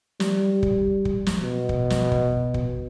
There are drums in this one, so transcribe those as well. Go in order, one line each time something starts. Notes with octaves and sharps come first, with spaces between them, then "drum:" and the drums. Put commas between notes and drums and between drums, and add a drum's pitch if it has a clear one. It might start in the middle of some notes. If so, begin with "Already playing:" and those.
G3, drum: snare
drum: kick
drum: kick
drum: snare
B2
drum: kick
drum: snare
drum: kick
drum: kick